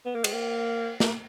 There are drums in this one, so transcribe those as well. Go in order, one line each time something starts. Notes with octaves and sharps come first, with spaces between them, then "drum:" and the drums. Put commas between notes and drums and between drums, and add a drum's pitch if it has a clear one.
B3
A#3
G#3, drum: cymbal
A#3
drum: snare